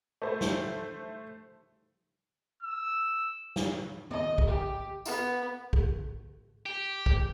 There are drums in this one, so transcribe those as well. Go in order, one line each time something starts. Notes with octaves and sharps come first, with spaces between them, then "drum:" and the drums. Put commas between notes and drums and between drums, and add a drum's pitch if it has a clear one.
A3 C5
drum: snare
E6
drum: snare
D#5, drum: tom
drum: kick
G4
B3, drum: tambourine
drum: kick
G4
drum: kick